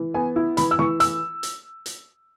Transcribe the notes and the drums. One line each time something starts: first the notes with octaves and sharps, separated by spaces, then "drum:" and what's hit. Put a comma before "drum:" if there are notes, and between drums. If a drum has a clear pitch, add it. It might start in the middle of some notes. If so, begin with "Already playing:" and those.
Already playing: E3
B3 G#5
E4
E3 B5, drum: hi-hat
E6
E3 C#6
E6, drum: hi-hat
drum: hi-hat
drum: hi-hat